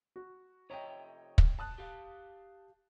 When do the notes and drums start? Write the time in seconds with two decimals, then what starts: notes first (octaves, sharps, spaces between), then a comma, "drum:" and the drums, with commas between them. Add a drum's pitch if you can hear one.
0.16 F#4
0.70 C3 F3 C#5 D#5 G5 A#5
1.38 drum: kick
1.59 A5 D#6 F#6
1.78 G4 F5